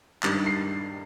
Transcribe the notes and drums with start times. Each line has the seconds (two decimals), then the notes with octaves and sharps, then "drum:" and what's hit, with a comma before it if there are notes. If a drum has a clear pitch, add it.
0.23 G2 D#3 G3 A6, drum: clap
0.46 C7